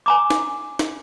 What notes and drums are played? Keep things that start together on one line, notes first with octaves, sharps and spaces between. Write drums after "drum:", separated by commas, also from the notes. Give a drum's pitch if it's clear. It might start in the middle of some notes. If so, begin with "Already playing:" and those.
G#5 A#5 D6
drum: snare
drum: snare